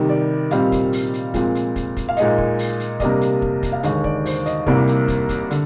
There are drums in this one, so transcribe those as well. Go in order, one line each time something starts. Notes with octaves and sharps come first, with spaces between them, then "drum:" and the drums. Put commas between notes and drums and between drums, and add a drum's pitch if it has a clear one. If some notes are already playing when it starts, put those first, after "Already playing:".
Already playing: C3 D#3 G3
D5
A#2 G3 C4 D#4 F5, drum: hi-hat
drum: kick, hi-hat
drum: open hi-hat
drum: hi-hat
A#2 F3 G#3 C4, drum: kick, hi-hat
drum: hi-hat
drum: kick, hi-hat
drum: kick, hi-hat
F5
A#2 G#3 D#4 D#5, drum: hi-hat
drum: kick
drum: open hi-hat
drum: hi-hat
C3 G3 A#3 D4 D#5, drum: kick, hi-hat
drum: hi-hat
drum: kick
drum: kick, hi-hat
F5
D#2 D3 G#3 D#4 D#5, drum: hi-hat
D5, drum: kick
C5, drum: open hi-hat
D#5, drum: hi-hat
C2 C3 G3 A#3 D5, drum: kick
drum: hi-hat
drum: kick, hi-hat
drum: kick, hi-hat
D3, drum: hi-hat